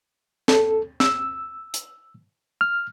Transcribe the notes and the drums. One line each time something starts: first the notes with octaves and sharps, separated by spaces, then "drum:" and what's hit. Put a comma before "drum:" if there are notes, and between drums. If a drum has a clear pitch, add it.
A4, drum: snare
E6, drum: snare
drum: hi-hat
F6